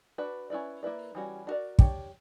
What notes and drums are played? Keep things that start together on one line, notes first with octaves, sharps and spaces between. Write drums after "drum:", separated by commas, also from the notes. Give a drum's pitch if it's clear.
D4 F#4 B4 D5
C#4 E4 B4 D5
A#3 E4 B4 D5
E3 G3 C#4 F#4
D4 F#4 A#4 D5
D4 G4 C#5, drum: kick